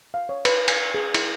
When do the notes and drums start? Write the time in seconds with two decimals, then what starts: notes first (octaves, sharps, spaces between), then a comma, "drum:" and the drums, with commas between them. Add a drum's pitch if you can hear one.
0.14 F5
0.29 C#5
0.45 B4, drum: cymbal
0.68 G#5, drum: cymbal
0.94 G#4
1.14 E4, drum: cymbal